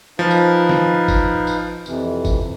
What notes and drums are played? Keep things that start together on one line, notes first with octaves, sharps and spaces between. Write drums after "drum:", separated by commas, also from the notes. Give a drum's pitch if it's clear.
F3 D#4 B4 F5
drum: tambourine
drum: snare
drum: kick G1, tambourine
drum: tambourine
F2 C3 E3, drum: tambourine
drum: kick G1, tambourine